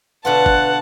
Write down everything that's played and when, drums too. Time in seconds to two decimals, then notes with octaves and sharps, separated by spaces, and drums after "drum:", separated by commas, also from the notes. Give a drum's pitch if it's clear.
0.25 B2 D3 F4 B4 F#5 A5
0.46 drum: kick